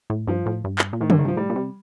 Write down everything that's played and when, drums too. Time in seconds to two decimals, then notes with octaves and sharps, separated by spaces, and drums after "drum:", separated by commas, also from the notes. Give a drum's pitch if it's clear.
0.10 A2
0.27 G2 F3
0.46 A2
0.64 G2
0.79 drum: clap
0.93 A#2
1.01 A2 D#3
1.10 D3, drum: tom
1.12 G2
1.19 D#3
1.25 G2 F3
1.37 A2 G3
1.50 A#2
1.56 C3